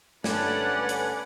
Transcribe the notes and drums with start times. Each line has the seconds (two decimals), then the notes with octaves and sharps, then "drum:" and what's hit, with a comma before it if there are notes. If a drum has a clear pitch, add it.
0.24 G2 D3 A3 C#4 D4 B4 D5 F#5, drum: snare
0.89 drum: hi-hat